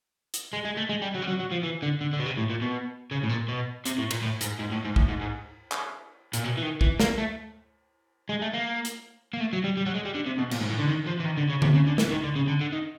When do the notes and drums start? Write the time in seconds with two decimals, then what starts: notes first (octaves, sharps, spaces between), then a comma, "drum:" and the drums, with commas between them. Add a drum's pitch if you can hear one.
0.34 drum: hi-hat
0.53 G#3
0.65 G#3
0.77 A3
0.89 G#3
1.02 G3
1.14 F#3
1.22 G3
1.27 F#3
1.39 F#3
1.51 F3
1.63 E3
1.82 D3
2.01 D3
2.13 D3
2.19 B2
2.26 C3
2.37 A2
2.50 A#2
2.62 B2
3.11 C#3
3.23 A2
3.29 A#2
3.48 B2
3.85 C3, drum: hi-hat
3.98 A2
4.11 A#2, drum: cymbal
4.22 A2
4.41 G#2, drum: hi-hat
4.59 G#2
4.71 A2
4.85 G#2
4.96 A2, drum: kick A#1
5.08 G#2
5.21 G#2
5.72 drum: clap
6.33 A#2, drum: hi-hat
6.44 B2
6.57 E3
6.62 D#3
6.81 E3, drum: kick A#1
7.00 A#3, drum: snare
7.18 A3
8.29 G#3
8.42 A3
8.54 A#3
8.85 drum: hi-hat
9.33 A#3
9.40 A3
9.53 F#3
9.64 G3
9.77 G3
9.86 F#3
9.95 G#3
10.05 G3
10.14 D3
10.26 C3
10.38 B2
10.51 A#2, drum: cymbal
10.60 G#2
10.69 A2
10.79 D3
10.88 D#3
11.06 F3
11.20 E3
11.25 D#3
11.37 D3
11.49 C#3
11.62 C3, drum: tom D3
11.75 C#3
11.87 D3
11.98 E3, drum: snare
12.10 D#3
12.23 D3
12.36 C#3
12.48 D3
12.61 D3
12.73 D#3